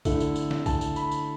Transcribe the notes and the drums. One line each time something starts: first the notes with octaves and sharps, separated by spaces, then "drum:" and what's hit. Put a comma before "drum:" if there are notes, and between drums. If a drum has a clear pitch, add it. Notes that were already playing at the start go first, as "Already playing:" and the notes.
D3 A3 E4 A4, drum: kick, tambourine
drum: tambourine
drum: tambourine
drum: snare
A5, drum: kick, tambourine
drum: tambourine
B5, drum: tambourine
drum: tambourine